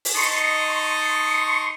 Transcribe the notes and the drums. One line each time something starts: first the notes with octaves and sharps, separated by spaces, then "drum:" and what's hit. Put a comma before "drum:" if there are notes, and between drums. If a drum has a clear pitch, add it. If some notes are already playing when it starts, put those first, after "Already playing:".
drum: open hi-hat
D#4 D#5 A5 C6 C#6